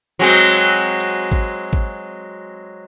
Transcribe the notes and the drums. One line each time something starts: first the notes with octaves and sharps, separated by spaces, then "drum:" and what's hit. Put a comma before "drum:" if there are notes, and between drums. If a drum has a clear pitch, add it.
F#3 G#3 C4
drum: cymbal
drum: kick
drum: kick